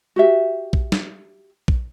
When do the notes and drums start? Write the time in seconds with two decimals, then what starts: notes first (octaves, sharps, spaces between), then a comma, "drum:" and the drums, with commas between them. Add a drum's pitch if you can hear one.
0.16 F#4 G4 E5
0.73 drum: kick A#1
0.92 drum: snare
1.68 drum: kick A#1